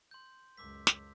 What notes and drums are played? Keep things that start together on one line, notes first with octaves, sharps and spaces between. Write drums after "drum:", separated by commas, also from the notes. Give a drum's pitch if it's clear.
C6 G6
C#2 F#2 D6 E6 B6
drum: snare